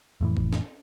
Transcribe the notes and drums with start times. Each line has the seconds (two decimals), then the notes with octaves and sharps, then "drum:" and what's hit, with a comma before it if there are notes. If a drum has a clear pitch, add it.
0.21 F2 A2 E3
0.37 drum: kick
0.53 drum: snare